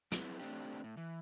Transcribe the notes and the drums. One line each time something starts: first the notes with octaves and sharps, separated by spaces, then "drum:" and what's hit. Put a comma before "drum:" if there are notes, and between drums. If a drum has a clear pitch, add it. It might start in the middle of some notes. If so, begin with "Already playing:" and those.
F#3 C4 E4 G#4 B4, drum: hi-hat
A3 C4 D4 G4
A2
E3